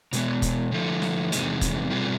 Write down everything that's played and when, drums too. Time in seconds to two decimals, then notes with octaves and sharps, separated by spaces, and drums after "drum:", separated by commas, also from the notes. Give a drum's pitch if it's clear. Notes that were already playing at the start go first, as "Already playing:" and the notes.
0.13 B2 G#3 B3, drum: hi-hat
0.42 drum: kick, hi-hat
0.72 D3 F3 A3
1.02 drum: snare
1.32 E2 C3 D#3 G#3, drum: hi-hat
1.61 drum: kick, hi-hat
1.91 B2 G3 C4 F4 G#4